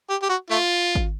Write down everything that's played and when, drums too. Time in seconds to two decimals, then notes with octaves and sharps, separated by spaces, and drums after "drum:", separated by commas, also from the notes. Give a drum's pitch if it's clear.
0.10 G4
0.22 G4
0.30 F#4
0.50 A3 F4
0.95 drum: kick G#1